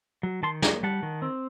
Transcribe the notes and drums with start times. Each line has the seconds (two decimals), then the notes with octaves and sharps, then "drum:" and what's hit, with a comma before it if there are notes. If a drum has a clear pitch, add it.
0.23 F#3
0.43 D#3 A5 C6
0.62 A#3 G5 A#5, drum: snare
0.83 G3 F#5 A5
1.03 D#3
1.22 C4